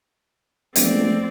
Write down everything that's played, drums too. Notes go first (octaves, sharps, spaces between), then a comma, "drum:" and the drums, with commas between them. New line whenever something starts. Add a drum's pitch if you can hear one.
E1 F3 A3 C4 D5, drum: hi-hat